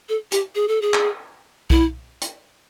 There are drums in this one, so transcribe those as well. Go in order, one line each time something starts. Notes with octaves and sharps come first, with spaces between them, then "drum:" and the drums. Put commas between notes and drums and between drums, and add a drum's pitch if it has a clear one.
A4
G4, drum: hi-hat
G#4
A4
G#4
drum: clap
E4, drum: kick B1
drum: hi-hat